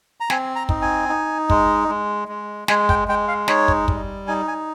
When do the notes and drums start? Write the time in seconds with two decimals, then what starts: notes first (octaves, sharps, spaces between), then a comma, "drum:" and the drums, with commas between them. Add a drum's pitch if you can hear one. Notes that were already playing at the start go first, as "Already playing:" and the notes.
0.20 A#5
0.30 C4 G#5, drum: snare
0.55 A#5
0.69 D#4, drum: kick
0.82 G#5
1.09 D#4
1.50 G#3, drum: kick
1.88 G#3
2.28 G#3
2.68 G#3 G#5, drum: snare
2.89 G5, drum: kick
3.08 G#3 G5
3.28 F5
3.48 D#4 C#5, drum: snare
3.68 drum: kick
3.88 G3, drum: kick
4.27 D#4 G#5
4.48 G#5